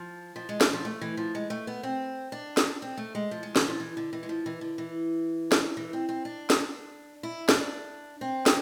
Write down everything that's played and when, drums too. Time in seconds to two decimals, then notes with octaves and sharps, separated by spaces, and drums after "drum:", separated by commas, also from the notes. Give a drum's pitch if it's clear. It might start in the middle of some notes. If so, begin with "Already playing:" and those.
Already playing: F3
0.36 F3
0.49 G#3
0.61 drum: snare
0.73 F3
0.85 A3
1.01 E3
1.17 F3
1.35 G#3
1.50 A3
1.67 B3
1.83 C4
2.32 D4
2.57 drum: snare
2.82 C4
2.97 A3
3.15 G#3
3.31 F3
3.43 G#3
3.56 E3, drum: snare
3.68 F3
3.80 E3
3.97 D3
4.13 E3
4.23 G#3
4.29 F3
4.46 E3
4.61 D3
4.78 E3
5.52 drum: snare
5.77 E3
5.93 C4
6.09 C4
6.25 D4
6.50 drum: snare
7.23 E4
7.49 D4, drum: snare
8.21 C4
8.46 drum: snare